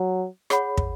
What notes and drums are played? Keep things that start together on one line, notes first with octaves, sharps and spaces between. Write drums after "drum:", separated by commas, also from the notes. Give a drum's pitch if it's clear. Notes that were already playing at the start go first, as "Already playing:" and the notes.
Already playing: F#3
G#4 C#5 F#5 B5, drum: rim click
drum: kick